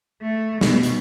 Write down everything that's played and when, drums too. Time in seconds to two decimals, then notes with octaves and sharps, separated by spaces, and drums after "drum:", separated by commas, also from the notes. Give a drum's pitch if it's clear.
0.21 A3
0.61 B2, drum: snare
0.83 drum: hi-hat